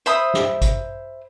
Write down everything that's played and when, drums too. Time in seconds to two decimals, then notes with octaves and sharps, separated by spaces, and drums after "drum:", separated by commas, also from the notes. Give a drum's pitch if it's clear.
0.06 C5 E5 B5 D#6, drum: hi-hat
0.34 drum: snare
0.62 drum: kick G#1, hi-hat